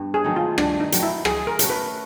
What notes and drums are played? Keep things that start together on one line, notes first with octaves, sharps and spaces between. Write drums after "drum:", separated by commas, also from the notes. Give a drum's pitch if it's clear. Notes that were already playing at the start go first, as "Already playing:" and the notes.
Already playing: G2 B3
G#4
D#3 F#3 A3
F4
G2 D4, drum: rim click
D#4
D#3 F#3 A3, drum: hi-hat
E4
F#3 G#4, drum: rim click
A#4
A3 C#4 F#4, drum: hi-hat
B4